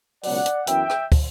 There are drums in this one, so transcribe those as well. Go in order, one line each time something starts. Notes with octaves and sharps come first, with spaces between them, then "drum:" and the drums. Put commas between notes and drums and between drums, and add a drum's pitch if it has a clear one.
C#2 B2 F#3 D5 F#5, drum: open hi-hat
drum: hi-hat
F#2 E3 B3 E5 G5, drum: hi-hat
drum: rim click
drum: kick, open hi-hat